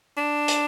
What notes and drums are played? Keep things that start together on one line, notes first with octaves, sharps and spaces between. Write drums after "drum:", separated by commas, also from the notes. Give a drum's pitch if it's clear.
D4
drum: hi-hat